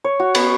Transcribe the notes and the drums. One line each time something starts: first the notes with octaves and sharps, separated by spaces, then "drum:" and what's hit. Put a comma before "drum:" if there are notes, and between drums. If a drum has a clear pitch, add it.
C#5
F#4
B3, drum: cymbal